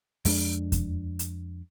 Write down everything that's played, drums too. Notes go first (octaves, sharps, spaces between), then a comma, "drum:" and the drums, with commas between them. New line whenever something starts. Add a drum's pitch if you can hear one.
F2 G#3 D4, drum: open hi-hat
drum: kick E2, hi-hat
drum: hi-hat